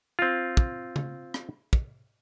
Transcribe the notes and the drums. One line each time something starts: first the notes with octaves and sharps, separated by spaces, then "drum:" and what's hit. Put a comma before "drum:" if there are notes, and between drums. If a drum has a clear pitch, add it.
C4 F4
drum: kick
drum: tom
drum: rim click
drum: kick